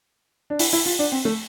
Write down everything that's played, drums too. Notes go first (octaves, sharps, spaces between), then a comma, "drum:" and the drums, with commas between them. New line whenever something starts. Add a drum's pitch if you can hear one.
D4
E4, drum: open hi-hat
E4
F4
D4
C4
A3